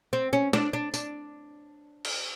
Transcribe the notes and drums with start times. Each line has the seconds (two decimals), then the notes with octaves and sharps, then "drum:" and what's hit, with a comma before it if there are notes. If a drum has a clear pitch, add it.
0.13 C4
0.33 C#4
0.53 D4, drum: snare
0.73 D4
0.94 D4, drum: tambourine
2.05 drum: cymbal